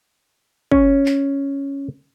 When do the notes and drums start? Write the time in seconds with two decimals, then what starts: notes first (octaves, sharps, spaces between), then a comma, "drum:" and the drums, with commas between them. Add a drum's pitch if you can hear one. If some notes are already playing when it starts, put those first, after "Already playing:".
0.72 C#4, drum: kick
1.06 drum: clap